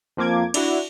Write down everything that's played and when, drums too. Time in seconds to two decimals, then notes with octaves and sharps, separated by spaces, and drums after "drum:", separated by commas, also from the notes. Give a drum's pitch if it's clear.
0.17 F2 F3 A#3 D6 G#6
0.54 D4 E4 F#4, drum: cymbal